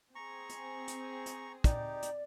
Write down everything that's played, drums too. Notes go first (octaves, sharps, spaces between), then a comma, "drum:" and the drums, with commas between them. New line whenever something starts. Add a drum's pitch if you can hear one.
C4 G#4 A#5 C#6
drum: hi-hat
drum: hi-hat
drum: hi-hat
D#4 G4 D5, drum: kick, hi-hat
drum: hi-hat